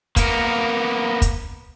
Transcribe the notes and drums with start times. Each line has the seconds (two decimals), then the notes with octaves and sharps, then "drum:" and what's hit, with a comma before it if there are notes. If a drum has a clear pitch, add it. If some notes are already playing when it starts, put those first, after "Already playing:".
0.16 A#3 B3 A#4, drum: kick, hi-hat
1.22 drum: kick, hi-hat